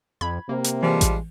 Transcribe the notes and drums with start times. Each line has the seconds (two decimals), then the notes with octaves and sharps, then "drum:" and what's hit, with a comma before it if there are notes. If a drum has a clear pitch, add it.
0.21 F2 B5 G#6
0.49 C3 A#3
0.64 drum: hi-hat
0.83 E3 F3 G3 G#3
1.01 drum: kick A1, hi-hat